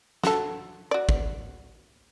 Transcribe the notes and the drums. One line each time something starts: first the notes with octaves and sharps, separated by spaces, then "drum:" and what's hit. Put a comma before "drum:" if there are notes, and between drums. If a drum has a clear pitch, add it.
F#4 A4, drum: snare
F#4 D5
drum: kick G#1